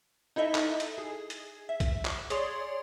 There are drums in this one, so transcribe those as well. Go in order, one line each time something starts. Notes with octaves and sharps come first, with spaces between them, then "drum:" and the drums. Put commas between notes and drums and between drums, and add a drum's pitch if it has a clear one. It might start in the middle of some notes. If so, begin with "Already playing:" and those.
D#4 E4 A4 D#5 E5
drum: clap
drum: hi-hat
G#4
drum: hi-hat
E5
drum: kick B1, hi-hat
drum: clap
G#4 C#5 D5 C6, drum: hi-hat